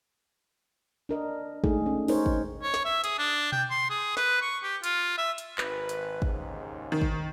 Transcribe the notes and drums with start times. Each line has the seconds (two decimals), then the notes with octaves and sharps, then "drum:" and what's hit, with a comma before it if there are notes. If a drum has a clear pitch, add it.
1.09 D4 A#4 D#5
1.64 G#3 A3 D#4 G#4, drum: kick
1.86 C#4
2.08 D#4 G#4 A#4 C5 C#5, drum: open hi-hat
2.26 drum: kick
2.62 C#5
2.74 drum: snare
2.85 E5
3.04 G#4, drum: hi-hat
3.19 D4
3.52 G5, drum: tom B2
3.70 C6
3.90 G#4
4.17 B4, drum: snare
4.42 C#6
4.63 G4
4.84 F4, drum: hi-hat
5.18 E5
5.38 drum: hi-hat
5.58 G#1 B4, drum: clap
5.89 drum: hi-hat
6.22 D#2 G#2 C#3, drum: kick
6.92 D#3
7.02 drum: kick